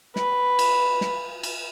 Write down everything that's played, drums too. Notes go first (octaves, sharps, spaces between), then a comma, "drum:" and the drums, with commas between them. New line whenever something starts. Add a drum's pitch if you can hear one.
B4, drum: snare
drum: cymbal
drum: snare
drum: cymbal